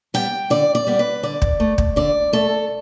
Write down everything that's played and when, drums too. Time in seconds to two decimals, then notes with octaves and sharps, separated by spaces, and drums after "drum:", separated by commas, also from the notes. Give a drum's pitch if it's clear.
0.14 G3 B3 G5
0.50 D3 D5
0.75 D5
0.87 G3 B3
0.99 B4
1.23 D3 D5
1.42 drum: kick
1.60 A3
1.78 drum: kick
1.96 D3 D5
2.33 A3 A4